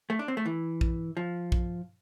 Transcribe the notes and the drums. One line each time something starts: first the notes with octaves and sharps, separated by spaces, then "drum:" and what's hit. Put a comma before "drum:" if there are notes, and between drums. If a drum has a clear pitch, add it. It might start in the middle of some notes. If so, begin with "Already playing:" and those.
A3
D4
C4
A3
E3
drum: kick
F3
drum: kick